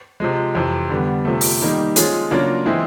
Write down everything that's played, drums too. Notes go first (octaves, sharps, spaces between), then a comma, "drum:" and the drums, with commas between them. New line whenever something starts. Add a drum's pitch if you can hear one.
C3 F3 G#3
F2 C3 E3
D3 G3 B3
C3 F3 A3
drum: open hi-hat
D#3 G3 A#3 D#4
F3 G#3 C#4 F4 G#4, drum: hi-hat
C#3 F#3 A#3 D4 F4
E3 G#3 C4 E4 G#4